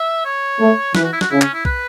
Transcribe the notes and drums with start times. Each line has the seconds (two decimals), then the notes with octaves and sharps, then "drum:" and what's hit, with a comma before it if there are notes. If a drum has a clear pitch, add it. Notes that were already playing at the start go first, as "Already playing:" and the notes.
Already playing: E5
0.25 C#5
0.60 A3
0.95 E3 B4, drum: snare
1.03 F#4
1.12 E4
1.21 F#4, drum: snare
1.30 C#3 E4
1.42 C#4, drum: clap
1.53 E4
1.65 B4, drum: kick B1